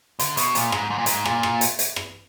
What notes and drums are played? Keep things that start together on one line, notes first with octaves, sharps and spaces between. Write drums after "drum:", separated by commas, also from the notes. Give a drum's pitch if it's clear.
D3, drum: hi-hat
B2, drum: hi-hat
A#2, drum: hi-hat
G#2, drum: rim click
G#2
A#2
G#2, drum: hi-hat
A#2, drum: rim click
drum: rim click
drum: hi-hat
drum: hi-hat
drum: rim click